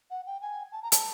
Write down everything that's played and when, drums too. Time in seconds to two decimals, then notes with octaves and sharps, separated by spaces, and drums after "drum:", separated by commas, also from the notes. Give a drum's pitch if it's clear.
0.11 F#5
0.26 G5
0.42 G#5
0.72 A5
0.83 A#5
0.92 A5, drum: hi-hat